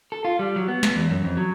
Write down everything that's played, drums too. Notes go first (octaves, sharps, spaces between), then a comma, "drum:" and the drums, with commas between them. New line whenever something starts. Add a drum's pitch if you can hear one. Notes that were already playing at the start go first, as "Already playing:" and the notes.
A4
F4
G3
F#3
B3
drum: snare
E2
F#2
F2
F#3